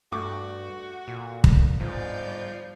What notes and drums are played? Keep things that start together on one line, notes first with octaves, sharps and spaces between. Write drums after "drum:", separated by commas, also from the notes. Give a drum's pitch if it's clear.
G2 A3 F#4 C#6 D6
A#2
drum: kick
G1 G#2 F3 G3 D5 G6